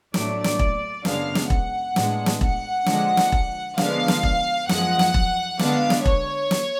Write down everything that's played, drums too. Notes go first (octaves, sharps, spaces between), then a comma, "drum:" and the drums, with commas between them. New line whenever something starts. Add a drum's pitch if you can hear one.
A2 F#3 A3 D4 D5, drum: snare
drum: snare
drum: kick E1
F#2 C#3 G#3 B3 D4 F5, drum: snare
drum: snare
F#5, drum: kick E1
A2 G#3 B3 D4, drum: snare
drum: snare
F#5, drum: kick E1
D3 F3 G#3 D4, drum: snare
drum: snare
drum: kick E1
D3 F3 G#3 B3 D4 F5, drum: snare
drum: snare
drum: kick E1
F#2 F3 G#3 F#5, drum: snare
drum: snare
drum: kick E1
D3 G#3 B3 D4 F5, drum: snare
drum: snare
C#5, drum: kick E1
drum: snare